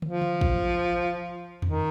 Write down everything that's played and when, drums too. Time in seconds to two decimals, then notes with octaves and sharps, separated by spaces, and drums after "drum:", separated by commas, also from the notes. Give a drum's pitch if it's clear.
0.02 F3, drum: tom
0.22 drum: tom
0.41 drum: kick
1.62 D#3, drum: tom E2